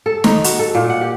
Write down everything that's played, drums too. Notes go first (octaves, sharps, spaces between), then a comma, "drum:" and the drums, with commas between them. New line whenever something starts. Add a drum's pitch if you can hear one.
A4
D#4, drum: snare
F#4, drum: hi-hat
A4
A#2
F#5
G4